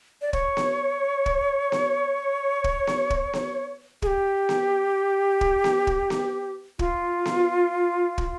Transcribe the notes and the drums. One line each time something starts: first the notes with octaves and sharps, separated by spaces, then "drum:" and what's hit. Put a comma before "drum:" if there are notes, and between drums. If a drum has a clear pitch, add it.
D5
C#5, drum: kick
drum: snare B3
drum: kick
drum: snare B3
drum: kick
drum: snare B3
drum: kick
drum: snare B3
G#4, drum: kick
G4
drum: snare B3
drum: kick
drum: snare B3
drum: kick
drum: snare B3
F4, drum: kick
drum: snare B3
drum: kick